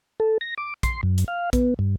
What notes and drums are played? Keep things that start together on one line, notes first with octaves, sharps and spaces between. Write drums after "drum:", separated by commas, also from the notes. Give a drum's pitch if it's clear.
A4
A#6
D6
C6, drum: kick, hi-hat
F#2
drum: hi-hat
F5
B3, drum: kick, hi-hat
G2